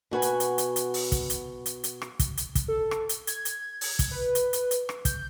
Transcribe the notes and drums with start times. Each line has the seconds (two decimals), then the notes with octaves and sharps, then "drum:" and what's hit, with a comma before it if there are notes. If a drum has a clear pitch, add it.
0.11 B2 F#4 B4 G#5
0.22 drum: hi-hat
0.40 drum: hi-hat
0.58 drum: hi-hat
0.76 drum: hi-hat
0.94 drum: open hi-hat
1.12 drum: kick, hi-hat
1.30 drum: hi-hat
1.66 drum: hi-hat
1.84 drum: hi-hat
2.02 drum: rim click
2.19 drum: kick, hi-hat
2.37 drum: hi-hat
2.55 drum: kick, hi-hat
2.68 A4
2.91 drum: rim click
3.09 drum: hi-hat
3.27 G#6, drum: hi-hat
3.45 drum: hi-hat
3.81 drum: open hi-hat
3.99 drum: kick, hi-hat
4.11 B4
4.35 drum: hi-hat
4.53 drum: hi-hat
4.71 drum: hi-hat
4.89 drum: rim click
5.05 G6, drum: kick, hi-hat